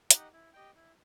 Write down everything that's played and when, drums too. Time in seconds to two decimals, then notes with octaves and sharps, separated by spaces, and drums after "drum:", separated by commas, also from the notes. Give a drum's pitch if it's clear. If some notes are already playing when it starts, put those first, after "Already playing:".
0.10 D#4 G4 D#5 F#5, drum: hi-hat
0.33 E4
0.53 G4 D#5 G5
0.75 E4